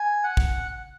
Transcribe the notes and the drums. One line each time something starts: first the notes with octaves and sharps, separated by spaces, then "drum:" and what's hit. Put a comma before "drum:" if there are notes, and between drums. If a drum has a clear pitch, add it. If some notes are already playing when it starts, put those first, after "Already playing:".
Already playing: G#5
F#5
drum: kick